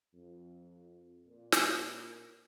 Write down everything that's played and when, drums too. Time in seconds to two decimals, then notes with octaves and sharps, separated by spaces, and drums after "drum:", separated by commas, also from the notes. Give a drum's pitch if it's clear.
0.14 F2
1.27 A#2
1.52 drum: snare